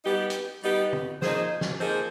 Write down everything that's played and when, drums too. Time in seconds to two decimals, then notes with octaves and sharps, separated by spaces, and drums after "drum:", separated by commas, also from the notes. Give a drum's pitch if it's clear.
0.05 G3 B3 D#4 G4
0.30 drum: hi-hat
0.63 G3 B3 D#4 G4
0.93 drum: tom
1.22 F3 A#3 D#4 G#4 C5, drum: snare
1.61 drum: snare
1.80 F3 A#3 D#4 G#4 C5